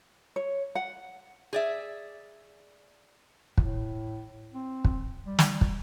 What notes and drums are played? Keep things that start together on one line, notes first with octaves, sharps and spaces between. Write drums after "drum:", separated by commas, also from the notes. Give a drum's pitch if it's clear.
C#5
F#5
G#4 D5 E5
A2, drum: kick
C4
drum: kick
G3
drum: snare
drum: kick